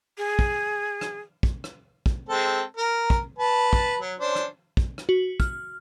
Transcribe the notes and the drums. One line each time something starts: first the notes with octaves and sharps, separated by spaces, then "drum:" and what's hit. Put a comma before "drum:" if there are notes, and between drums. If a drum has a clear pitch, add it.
G#4
drum: kick
drum: rim click
drum: kick
drum: rim click
drum: kick
G#3 C4 A4
A#4
drum: kick
B4 A5
drum: kick
F#3
C#4 D4 C5
drum: rim click
drum: kick
drum: rim click
F#4
F6, drum: kick